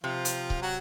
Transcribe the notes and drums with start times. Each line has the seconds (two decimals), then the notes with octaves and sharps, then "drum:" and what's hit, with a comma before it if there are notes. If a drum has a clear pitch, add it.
0.04 C3 F3 F4
0.25 drum: hi-hat
0.50 drum: kick C#1
0.62 F#3 F#4